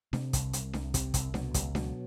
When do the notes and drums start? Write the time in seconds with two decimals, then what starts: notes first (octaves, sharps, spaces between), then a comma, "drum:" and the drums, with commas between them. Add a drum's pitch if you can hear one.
0.13 C3, drum: snare D4
0.33 C2, drum: kick, hi-hat
0.53 C2, drum: hi-hat
0.73 C2, drum: snare D4
0.94 C3, drum: kick, hi-hat
1.14 C2, drum: kick, hi-hat
1.34 B2 F#3, drum: snare D4
1.54 C#2 G3, drum: kick, hi-hat
1.75 B2 F#3, drum: snare D4